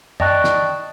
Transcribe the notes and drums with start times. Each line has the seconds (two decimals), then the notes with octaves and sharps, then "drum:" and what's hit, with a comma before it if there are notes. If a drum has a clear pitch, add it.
0.20 D5 D#5 G5 A5 C#6 F#6, drum: tom
0.44 drum: snare